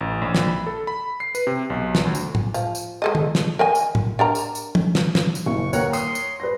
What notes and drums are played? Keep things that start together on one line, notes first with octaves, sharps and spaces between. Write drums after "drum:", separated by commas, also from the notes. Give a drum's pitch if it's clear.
A1
A#1
drum: snare
B5
A4
B5
C7
B4, drum: tambourine
C3
B1
drum: snare
D2
drum: tambourine
drum: tom A2
F3, drum: tambourine
drum: tambourine
G#3 A4 D#5
drum: tom
drum: snare
A#4 D#5 G#5
drum: tambourine
drum: tom A2
D4 A#4 A#5
drum: tambourine
drum: tambourine
drum: tom
drum: snare
drum: snare
drum: tambourine
F#1 C#6
D#2 A#4 C#5 F#5, drum: tambourine
C6 D#6, drum: tambourine
drum: tambourine
B4 A#6